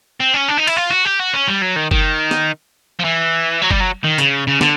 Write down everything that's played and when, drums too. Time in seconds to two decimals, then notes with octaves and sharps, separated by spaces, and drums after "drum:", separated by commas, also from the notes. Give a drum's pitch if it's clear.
0.20 C4
0.34 C#4
0.49 D4
0.58 D#4
0.67 E4, drum: cymbal
0.77 F4
0.91 F#4
1.05 G4
1.20 F#4
1.34 C#4
1.48 G3
1.62 F#3
1.76 D#3
1.91 D#3, drum: kick F#1
2.31 drum: snare
2.99 F3
3.04 E3
3.62 F#3
3.71 G3, drum: kick F#1
3.81 F#3
4.04 D#3
4.18 C#3, drum: hi-hat
4.47 C#3
4.61 D3, drum: snare